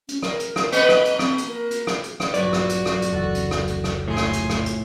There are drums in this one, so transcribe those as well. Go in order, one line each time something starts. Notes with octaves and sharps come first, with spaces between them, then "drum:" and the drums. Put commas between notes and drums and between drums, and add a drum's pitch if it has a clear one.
C#4, drum: hi-hat
A#4, drum: rim click
drum: hi-hat
drum: rim click
A#3 B4 D#5, drum: hi-hat
drum: rim click
drum: hi-hat
C4, drum: rim click
drum: hi-hat
A#4
drum: hi-hat
drum: rim click
drum: hi-hat
drum: rim click
A#1 G2 F#3 F#4 B4 D5, drum: hi-hat
drum: rim click
drum: hi-hat
drum: rim click
drum: hi-hat
F1 C#2 E3 A4 F#5
drum: hi-hat
drum: rim click
drum: hi-hat
drum: rim click
A#1 A2 G#4 C6
drum: rim click
drum: hi-hat
drum: rim click
drum: hi-hat